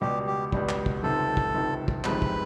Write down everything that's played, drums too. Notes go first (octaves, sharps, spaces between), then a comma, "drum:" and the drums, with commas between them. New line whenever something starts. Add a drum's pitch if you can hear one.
C#2 B2 G3 G4
G4
C#2 B2 G3, drum: kick
drum: clap
drum: kick
C#2 C3 D#3 A4
drum: kick
C#2 C3 D#3
drum: kick
G1 F2 C3 D#3 G#3 B4, drum: clap
drum: kick